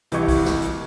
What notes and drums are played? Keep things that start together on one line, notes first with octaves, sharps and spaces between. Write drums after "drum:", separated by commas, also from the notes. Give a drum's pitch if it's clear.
C2 E3 G4 D#5 C#6 G#6, drum: hi-hat
drum: kick, open hi-hat
drum: snare
drum: hi-hat